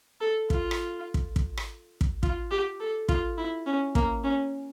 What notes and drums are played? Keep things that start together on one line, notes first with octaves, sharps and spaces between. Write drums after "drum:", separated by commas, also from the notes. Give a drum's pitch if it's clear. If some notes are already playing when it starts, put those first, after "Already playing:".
A4
F4, drum: kick
drum: rim click
drum: kick
drum: kick
drum: rim click
drum: kick
F4, drum: kick
G4
A4
F4, drum: kick
E4
C#4
A#3, drum: kick
C#4